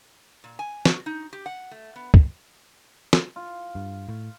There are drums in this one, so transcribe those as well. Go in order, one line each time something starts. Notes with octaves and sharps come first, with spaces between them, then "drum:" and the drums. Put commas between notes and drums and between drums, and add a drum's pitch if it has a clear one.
A#2
G#5
F#4, drum: snare
D#4
G4
F#5
A3
B3
drum: kick
drum: snare
F4
G2
A2